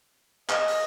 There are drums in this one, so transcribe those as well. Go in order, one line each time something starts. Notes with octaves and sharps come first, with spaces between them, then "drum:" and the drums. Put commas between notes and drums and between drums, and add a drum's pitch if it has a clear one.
D#5, drum: clap
drum: open hi-hat